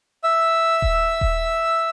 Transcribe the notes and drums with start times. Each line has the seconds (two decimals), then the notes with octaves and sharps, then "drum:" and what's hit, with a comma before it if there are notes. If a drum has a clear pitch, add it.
0.24 E5 E6
0.82 drum: kick D#1
1.21 drum: kick D#1